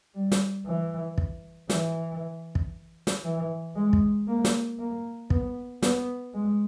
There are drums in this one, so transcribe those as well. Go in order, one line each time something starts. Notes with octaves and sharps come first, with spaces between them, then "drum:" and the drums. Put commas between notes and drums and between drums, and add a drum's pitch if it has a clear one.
G3
drum: snare
E3
drum: kick
E3, drum: snare
drum: kick
drum: snare
E3
G#3
drum: kick
A#3
drum: snare
A#3
B3, drum: kick
B3, drum: snare
G#3